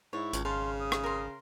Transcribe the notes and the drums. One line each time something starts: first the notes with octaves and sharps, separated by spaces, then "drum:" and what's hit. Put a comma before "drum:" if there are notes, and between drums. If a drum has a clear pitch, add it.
G#2 E4 C#5
G#1 C#2, drum: hi-hat
C#3 F5 A5 C6
D#6
drum: rim click
A#4 C6